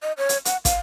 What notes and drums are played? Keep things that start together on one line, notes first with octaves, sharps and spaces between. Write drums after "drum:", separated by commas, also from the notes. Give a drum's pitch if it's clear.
D#5
C#5
drum: hi-hat
F#5, drum: hi-hat
F5, drum: kick, hi-hat